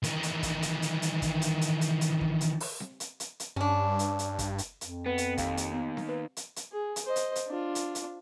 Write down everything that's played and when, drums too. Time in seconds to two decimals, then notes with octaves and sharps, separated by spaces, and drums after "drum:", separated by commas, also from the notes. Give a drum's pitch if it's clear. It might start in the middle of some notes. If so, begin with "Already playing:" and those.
0.04 D#3 E3, drum: hi-hat
0.23 drum: hi-hat
0.43 drum: kick, hi-hat
0.62 drum: hi-hat
0.82 drum: hi-hat
1.02 drum: hi-hat
1.22 drum: kick, hi-hat
1.42 drum: hi-hat
1.61 drum: hi-hat
1.81 drum: hi-hat
2.01 drum: hi-hat
2.21 drum: kick
2.41 drum: hi-hat
2.60 drum: open hi-hat
2.80 drum: snare C4
3.00 drum: hi-hat
3.20 drum: hi-hat
3.40 drum: hi-hat
3.56 G2 C#4 D4
3.99 drum: hi-hat
4.19 drum: hi-hat
4.39 drum: kick, hi-hat
4.58 drum: hi-hat
4.81 F2, drum: hi-hat
5.06 B3 B4
5.18 drum: hi-hat
5.38 D#2 F5, drum: kick, hi-hat
5.57 drum: hi-hat
5.72 B3
5.97 drum: snare C4
6.09 B4
6.37 drum: hi-hat
6.56 drum: hi-hat
6.72 G#4
6.96 drum: hi-hat
7.05 C5 D#5
7.16 drum: hi-hat
7.36 drum: hi-hat
7.47 D4 F4
7.75 drum: hi-hat
7.95 drum: hi-hat